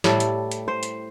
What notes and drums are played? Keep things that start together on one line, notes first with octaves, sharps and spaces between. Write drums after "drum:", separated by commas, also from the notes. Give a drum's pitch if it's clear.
A2 G3 A4, drum: snare
drum: hi-hat
drum: hi-hat
C5
drum: hi-hat